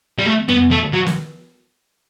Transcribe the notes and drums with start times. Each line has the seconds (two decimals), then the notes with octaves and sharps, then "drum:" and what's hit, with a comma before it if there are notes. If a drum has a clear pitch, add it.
0.18 G3
0.26 A3
0.48 B3, drum: tom F2
0.71 A3
0.93 F#3
1.06 drum: snare